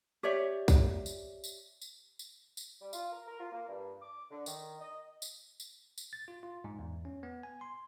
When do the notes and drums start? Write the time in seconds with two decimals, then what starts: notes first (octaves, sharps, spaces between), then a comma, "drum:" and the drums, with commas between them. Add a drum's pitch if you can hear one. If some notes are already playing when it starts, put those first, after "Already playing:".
0.23 G4 C#5 D5 E5
0.68 drum: kick B1, tambourine
1.06 drum: tambourine
1.44 drum: tambourine
1.82 drum: tambourine
2.19 drum: tambourine
2.57 drum: tambourine
2.81 G3
2.93 F4, drum: tambourine
3.12 A#4
3.26 A#4
3.40 F4
3.52 A#3
3.67 G2
4.02 D6
4.31 D3
4.46 D#3, drum: tambourine
4.81 D#5
5.22 drum: tambourine
5.60 drum: tambourine
5.98 drum: tambourine
6.13 A6
6.28 F4
6.43 F4
6.64 G#2
6.79 E2
7.05 C#4
7.23 B3
7.43 G#5
7.61 C6